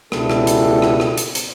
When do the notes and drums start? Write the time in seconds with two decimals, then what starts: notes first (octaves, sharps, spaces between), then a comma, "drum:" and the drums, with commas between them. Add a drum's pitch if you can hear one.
0.12 C#2 B2 D4 E4 G4 A4, drum: rim click
0.30 drum: rim click
0.47 drum: hi-hat
0.82 drum: rim click
1.00 drum: rim click
1.18 drum: hi-hat
1.35 drum: hi-hat